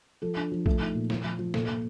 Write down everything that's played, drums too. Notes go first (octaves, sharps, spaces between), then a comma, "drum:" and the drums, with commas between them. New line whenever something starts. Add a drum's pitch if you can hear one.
F3 A4
D4
F3
A3, drum: kick
D#4
A#2
F3, drum: snare
F3
F3
A#2 A4, drum: snare
A#2